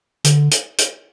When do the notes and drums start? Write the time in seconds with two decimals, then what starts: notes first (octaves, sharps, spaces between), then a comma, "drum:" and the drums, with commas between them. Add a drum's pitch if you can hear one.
0.24 D3, drum: hi-hat
0.51 drum: hi-hat
0.78 drum: hi-hat